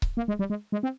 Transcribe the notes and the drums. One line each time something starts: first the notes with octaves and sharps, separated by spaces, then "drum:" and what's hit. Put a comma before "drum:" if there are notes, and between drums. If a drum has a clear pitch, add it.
drum: kick C#1
A#3
G#3
G3
G#3
G#3
C4